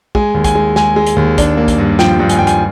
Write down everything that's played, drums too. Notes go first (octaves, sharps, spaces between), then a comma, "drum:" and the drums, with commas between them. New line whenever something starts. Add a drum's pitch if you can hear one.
G#3 G#5, drum: kick
D#2
G#5, drum: kick, hi-hat
G#3
G#3 G#5, drum: snare
G#3
drum: hi-hat
D#2
D4, drum: kick, hi-hat
A#3
drum: kick, hi-hat
G2
F3 G5, drum: snare
G2
G#5, drum: hi-hat
G2 G5
G#5, drum: hi-hat